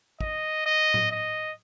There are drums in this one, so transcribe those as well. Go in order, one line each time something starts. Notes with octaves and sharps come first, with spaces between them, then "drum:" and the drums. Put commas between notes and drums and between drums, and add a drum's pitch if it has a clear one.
D#5, drum: kick
D#5
drum: tom A2
D#5